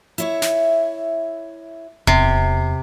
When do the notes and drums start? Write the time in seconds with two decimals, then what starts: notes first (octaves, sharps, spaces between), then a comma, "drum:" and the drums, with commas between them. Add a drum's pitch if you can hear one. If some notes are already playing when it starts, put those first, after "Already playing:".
0.18 E4 C#5 E5, drum: hi-hat
0.42 drum: snare
2.07 E2 C3, drum: kick D1